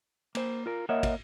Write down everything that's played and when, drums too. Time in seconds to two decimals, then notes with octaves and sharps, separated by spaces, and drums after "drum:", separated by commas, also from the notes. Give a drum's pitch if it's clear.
0.35 A#3 C5, drum: cymbal
0.66 F4 A#4
0.89 A#3 A#4 C#5 D#5 E5 F#5
1.03 drum: kick, cymbal